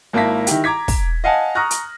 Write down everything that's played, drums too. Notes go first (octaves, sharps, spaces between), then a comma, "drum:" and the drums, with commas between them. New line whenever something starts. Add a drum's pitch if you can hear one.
G#1 A#3 E4 A5 A#6 B6
D#3 E4 G4, drum: hi-hat
A#5 D6 G#6 B6
drum: kick, open hi-hat
D#5 F5 F#5 G#5 A5
A#5 C#6 D#6 F6 F#6 A#6
drum: hi-hat